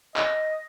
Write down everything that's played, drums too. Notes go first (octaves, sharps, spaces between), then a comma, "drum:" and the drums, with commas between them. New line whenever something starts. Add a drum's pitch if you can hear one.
D#5, drum: clap